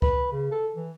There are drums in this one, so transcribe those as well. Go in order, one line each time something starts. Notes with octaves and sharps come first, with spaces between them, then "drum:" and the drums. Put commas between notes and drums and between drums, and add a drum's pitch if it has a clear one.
B4, drum: kick C#2
C#3
A4
E3